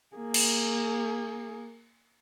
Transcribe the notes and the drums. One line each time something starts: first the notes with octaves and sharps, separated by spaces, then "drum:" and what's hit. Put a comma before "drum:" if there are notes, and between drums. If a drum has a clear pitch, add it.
A#3 G#4
drum: cymbal